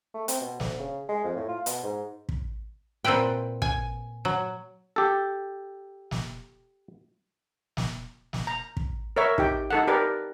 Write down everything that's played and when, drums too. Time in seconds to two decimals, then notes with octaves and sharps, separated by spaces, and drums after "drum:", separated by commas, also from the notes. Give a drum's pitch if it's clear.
0.14 A3
0.28 C4, drum: hi-hat
0.41 B2
0.60 D2, drum: snare
0.79 C#3
1.09 G#3
1.24 F2
1.36 A2
1.49 F4
1.66 B2, drum: hi-hat
1.83 G#2
2.29 drum: kick
3.04 A#2 C4 E4 B4 G5
3.62 G#5, drum: kick
4.25 F#3
4.96 G4 A4
6.11 drum: snare
7.77 drum: snare
8.33 drum: snare
8.47 A#5
8.77 drum: kick
9.17 A#4 B4 C#5 E5
9.38 D#4 G4 G5, drum: kick
9.70 D#4 A4 F#5
9.88 G4 A#4 B4 D5